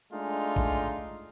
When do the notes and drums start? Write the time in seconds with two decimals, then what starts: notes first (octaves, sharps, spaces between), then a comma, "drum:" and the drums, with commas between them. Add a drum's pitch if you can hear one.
0.12 G#3 A3 D4 D#4 F4
0.56 drum: kick A1